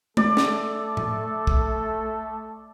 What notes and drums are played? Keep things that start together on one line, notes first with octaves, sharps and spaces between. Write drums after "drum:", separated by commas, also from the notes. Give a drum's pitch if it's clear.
A3 A4 D5, drum: tom G#3
drum: snare
drum: tom A2
drum: kick